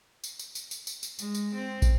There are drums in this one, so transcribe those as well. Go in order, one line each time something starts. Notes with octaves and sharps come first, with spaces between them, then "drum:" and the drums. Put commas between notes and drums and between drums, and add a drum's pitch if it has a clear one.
drum: tambourine
drum: tambourine
drum: tambourine
drum: tambourine
drum: tambourine
drum: tambourine
G#3, drum: tambourine
drum: tambourine
C4
drum: kick, tambourine